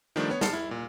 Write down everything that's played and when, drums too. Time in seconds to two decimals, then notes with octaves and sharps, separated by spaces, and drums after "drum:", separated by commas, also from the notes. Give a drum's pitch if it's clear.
0.16 D#3 F3 G3 A3 D4
0.30 B3 C#5
0.41 A5 F6 A6 C7 C#7, drum: snare
0.53 E4
0.71 A#2